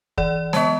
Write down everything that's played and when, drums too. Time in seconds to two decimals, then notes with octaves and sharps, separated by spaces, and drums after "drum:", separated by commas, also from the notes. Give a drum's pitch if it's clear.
0.18 E3 D5, drum: kick
0.53 G#3 B3 A5, drum: snare